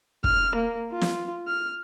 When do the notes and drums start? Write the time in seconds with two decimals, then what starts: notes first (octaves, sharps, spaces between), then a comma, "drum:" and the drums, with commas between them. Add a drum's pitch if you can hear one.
0.24 F6, drum: kick
0.55 A#3
0.92 F4
1.01 drum: snare
1.47 F6